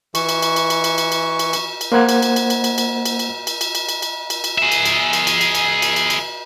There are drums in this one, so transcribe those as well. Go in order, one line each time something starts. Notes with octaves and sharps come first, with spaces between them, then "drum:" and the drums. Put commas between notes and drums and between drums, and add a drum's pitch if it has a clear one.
E3 C#6, drum: cymbal
drum: cymbal
drum: cymbal
drum: cymbal
drum: cymbal
drum: cymbal
drum: cymbal
drum: cymbal
drum: cymbal
drum: cymbal
drum: cymbal
A#3 C5 F#5 G#6
drum: cymbal
drum: cymbal
drum: cymbal
drum: cymbal
drum: cymbal
drum: cymbal
drum: cymbal
drum: cymbal
drum: cymbal
drum: cymbal
drum: cymbal
drum: cymbal
drum: cymbal
drum: cymbal
drum: cymbal
G#4 E5
drum: cymbal
drum: cymbal
drum: cymbal
drum: cymbal
drum: cymbal
drum: cymbal
drum: cymbal
drum: cymbal
drum: cymbal